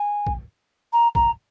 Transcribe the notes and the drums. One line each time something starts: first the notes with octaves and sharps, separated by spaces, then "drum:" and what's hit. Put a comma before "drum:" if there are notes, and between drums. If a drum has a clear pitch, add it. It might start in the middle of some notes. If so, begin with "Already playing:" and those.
Already playing: G#5
drum: kick
A#5
A#5, drum: kick